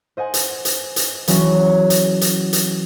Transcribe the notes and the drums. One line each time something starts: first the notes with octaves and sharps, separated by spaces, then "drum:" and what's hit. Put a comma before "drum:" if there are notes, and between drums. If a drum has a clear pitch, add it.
C5 D#5 F#5 G#5
drum: hi-hat
drum: hi-hat
drum: hi-hat
E3 F#3 C#4 F#4 G#4 C#5, drum: hi-hat
drum: hi-hat
drum: hi-hat
drum: hi-hat